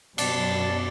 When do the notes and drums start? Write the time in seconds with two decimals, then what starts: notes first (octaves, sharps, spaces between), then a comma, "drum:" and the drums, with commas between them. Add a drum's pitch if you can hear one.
0.18 F#2 B2 D5 A5, drum: cymbal